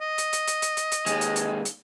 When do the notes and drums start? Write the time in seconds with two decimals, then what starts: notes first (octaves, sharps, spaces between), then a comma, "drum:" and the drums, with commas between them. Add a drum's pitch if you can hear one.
0.01 D#5
0.18 drum: hi-hat
0.33 drum: hi-hat
0.48 drum: hi-hat
0.62 drum: hi-hat
0.77 drum: hi-hat
0.92 drum: hi-hat
1.06 D#2 G#3, drum: hi-hat
1.21 drum: hi-hat
1.36 drum: hi-hat
1.65 drum: hi-hat